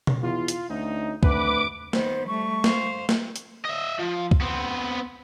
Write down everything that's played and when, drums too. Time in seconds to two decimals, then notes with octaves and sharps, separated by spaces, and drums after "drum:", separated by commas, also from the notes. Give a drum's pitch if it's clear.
0.07 drum: tom B2
0.22 E2 F4
0.48 drum: hi-hat
0.69 D2 C#4 D#4
1.23 D2 C4 B4 D6, drum: kick
1.93 D#3 B3 C5, drum: snare
2.27 G3 A3 C#6
2.64 C5 F5, drum: snare
3.09 drum: snare
3.36 drum: hi-hat
3.65 D#5 E5
3.99 F3
4.31 drum: kick
4.41 B3 C4